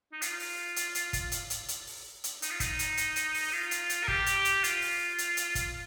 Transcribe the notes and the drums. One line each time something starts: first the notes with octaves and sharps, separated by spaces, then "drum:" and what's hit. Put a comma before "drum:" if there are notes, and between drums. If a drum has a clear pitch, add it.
D#4
F4, drum: hi-hat
drum: open hi-hat
drum: hi-hat
drum: hi-hat
drum: kick, hi-hat
drum: hi-hat
drum: hi-hat
drum: hi-hat
drum: open hi-hat
drum: hi-hat
D#4, drum: hi-hat
F4
D#4, drum: kick, hi-hat
drum: hi-hat
drum: hi-hat
drum: hi-hat
drum: open hi-hat
F4
drum: hi-hat
drum: hi-hat
A#4
G4, drum: kick
drum: hi-hat
drum: hi-hat
F4, drum: hi-hat
drum: open hi-hat
drum: hi-hat
drum: hi-hat
drum: kick, hi-hat